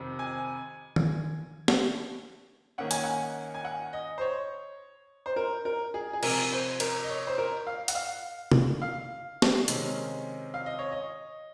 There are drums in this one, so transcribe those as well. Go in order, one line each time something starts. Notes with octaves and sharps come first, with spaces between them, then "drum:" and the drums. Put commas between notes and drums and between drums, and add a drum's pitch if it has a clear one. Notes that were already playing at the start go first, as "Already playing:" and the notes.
Already playing: F2 C3 D#3
G#5
drum: tom D#3
drum: snare
D#3 A#3 C#4 F#5
G#5, drum: hi-hat
F#5
G#5
F#5
D#5
C5
C#5
C5
A#4
A#4
G#4
G#4
C3 F3 C4 A#4, drum: cymbal
C5
A#4, drum: cymbal
D#5
C#5
C5
A#4
F5
F#5, drum: hi-hat
F5
drum: tom
F5
drum: snare
C3 D#3 G#3 C#4, drum: hi-hat
F5
D#5
C#5
D#5